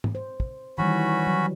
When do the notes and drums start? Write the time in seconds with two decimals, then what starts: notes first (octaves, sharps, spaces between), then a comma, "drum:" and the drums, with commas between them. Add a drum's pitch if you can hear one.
0.04 drum: tom G#2
0.15 C5
0.40 drum: kick
0.78 D#3 E3 G3 C#4 F#4 B5
1.27 F#3